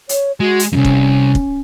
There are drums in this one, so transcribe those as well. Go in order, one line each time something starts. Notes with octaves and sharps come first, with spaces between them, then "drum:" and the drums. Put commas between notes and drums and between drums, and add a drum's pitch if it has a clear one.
C#5, drum: hi-hat
G#3 F#4
drum: hi-hat
C2 F2 C#4
drum: kick
drum: kick